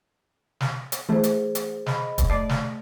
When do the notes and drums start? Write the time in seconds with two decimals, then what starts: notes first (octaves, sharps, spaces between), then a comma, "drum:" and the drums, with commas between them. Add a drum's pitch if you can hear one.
0.61 drum: snare
0.92 drum: hi-hat
1.09 E3 A3 G#4 C5
1.23 drum: hi-hat
1.55 drum: hi-hat
1.86 D#5 B5, drum: snare
2.18 drum: kick, hi-hat
2.30 A3 D5
2.49 drum: snare